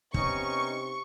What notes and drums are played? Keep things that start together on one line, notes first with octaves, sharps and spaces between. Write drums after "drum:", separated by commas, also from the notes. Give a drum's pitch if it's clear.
C3 B3 C#4 D#4 C#6, drum: kick